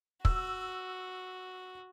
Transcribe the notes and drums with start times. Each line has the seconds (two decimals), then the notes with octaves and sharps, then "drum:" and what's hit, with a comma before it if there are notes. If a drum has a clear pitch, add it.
0.25 F#4 E6, drum: kick